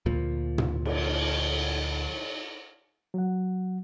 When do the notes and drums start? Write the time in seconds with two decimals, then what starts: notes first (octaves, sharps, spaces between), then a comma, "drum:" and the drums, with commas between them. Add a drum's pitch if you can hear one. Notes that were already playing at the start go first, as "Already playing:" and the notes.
0.06 D2 A#2 F3
0.58 drum: tom
0.85 drum: cymbal
3.14 F#3 F#5